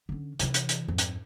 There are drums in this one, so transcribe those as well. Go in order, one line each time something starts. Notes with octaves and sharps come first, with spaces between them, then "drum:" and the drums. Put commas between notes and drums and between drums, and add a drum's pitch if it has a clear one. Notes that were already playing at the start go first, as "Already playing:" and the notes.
D3 C#4
C3 E3, drum: hi-hat
drum: hi-hat
drum: hi-hat
F2 G#2
drum: hi-hat